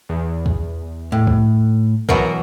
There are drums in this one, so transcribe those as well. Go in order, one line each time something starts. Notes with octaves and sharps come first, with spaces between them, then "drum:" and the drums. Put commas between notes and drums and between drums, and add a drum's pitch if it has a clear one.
E2
drum: kick
A2
drum: kick
B2 E3 F#3 A#4, drum: kick